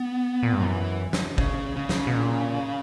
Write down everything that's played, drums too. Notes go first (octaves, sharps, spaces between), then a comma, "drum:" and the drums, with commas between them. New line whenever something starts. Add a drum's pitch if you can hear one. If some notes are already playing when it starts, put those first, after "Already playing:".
Already playing: B3
A#2
G2
F#2 E3
drum: snare
C#3, drum: kick G1
C#3
drum: snare
B2
A#2